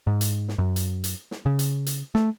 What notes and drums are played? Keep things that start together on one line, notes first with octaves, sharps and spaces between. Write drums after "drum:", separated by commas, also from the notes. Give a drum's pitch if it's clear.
G#2
drum: hi-hat
drum: snare
F#2
drum: hi-hat
drum: hi-hat
drum: snare
C#3
drum: hi-hat
drum: hi-hat
A3, drum: snare